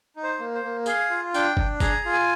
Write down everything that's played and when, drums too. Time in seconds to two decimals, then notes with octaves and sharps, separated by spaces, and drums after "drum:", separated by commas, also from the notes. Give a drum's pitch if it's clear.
0.16 D#4
0.23 C5
0.39 A#3
0.55 C5
0.63 A#3
0.86 G#4 F5, drum: tambourine
1.10 F4
1.34 D4 G5, drum: tambourine
1.57 D4, drum: kick F#1
1.80 G#4 A#5, drum: kick F#1, tambourine
2.05 F4
2.13 G#5